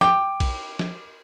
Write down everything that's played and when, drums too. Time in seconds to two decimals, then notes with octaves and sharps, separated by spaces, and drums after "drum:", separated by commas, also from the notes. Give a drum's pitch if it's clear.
0.01 G5 D6, drum: snare
0.40 drum: kick A#1, cymbal
0.79 drum: snare